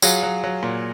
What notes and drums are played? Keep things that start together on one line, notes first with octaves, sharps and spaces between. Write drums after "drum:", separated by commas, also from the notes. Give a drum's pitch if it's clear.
F#3 F4 G#4, drum: tambourine
F#3
F#3
A#2